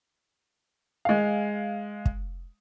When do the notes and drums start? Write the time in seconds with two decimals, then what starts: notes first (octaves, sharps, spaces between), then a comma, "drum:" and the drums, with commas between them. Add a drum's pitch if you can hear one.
1.05 G#3 F5
2.06 drum: kick